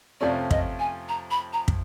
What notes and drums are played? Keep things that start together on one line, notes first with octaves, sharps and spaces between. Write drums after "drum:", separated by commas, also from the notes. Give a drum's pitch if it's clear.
F2 C3 F3 A3 C#4 D5
D#5, drum: kick
G#5
A#5
B5
A#5
drum: kick